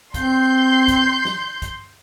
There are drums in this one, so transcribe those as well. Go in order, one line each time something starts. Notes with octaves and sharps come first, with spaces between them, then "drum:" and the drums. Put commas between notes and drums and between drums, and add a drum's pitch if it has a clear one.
C4 C6 G6, drum: kick, hi-hat
drum: kick, hi-hat
drum: snare
drum: kick, hi-hat